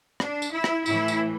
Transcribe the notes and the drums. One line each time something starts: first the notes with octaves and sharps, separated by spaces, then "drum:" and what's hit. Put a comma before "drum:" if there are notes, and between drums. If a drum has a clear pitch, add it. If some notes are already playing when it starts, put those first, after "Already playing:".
D4, drum: rim click
drum: tambourine
E4
drum: rim click
A2 E3 E4, drum: tambourine
drum: tambourine